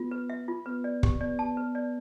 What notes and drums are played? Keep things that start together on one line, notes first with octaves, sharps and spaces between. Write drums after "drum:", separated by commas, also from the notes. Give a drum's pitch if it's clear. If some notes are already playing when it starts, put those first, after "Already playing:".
Already playing: B3 F4
B4
E5
F4
B3 B4
D5
G4, drum: kick
B3 D5
A5
B4
D5